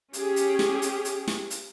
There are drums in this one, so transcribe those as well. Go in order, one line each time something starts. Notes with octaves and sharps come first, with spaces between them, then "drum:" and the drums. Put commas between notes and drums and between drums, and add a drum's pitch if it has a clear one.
C#4 G4 G#4, drum: hi-hat
drum: hi-hat
drum: snare
drum: hi-hat
drum: hi-hat
drum: snare
drum: hi-hat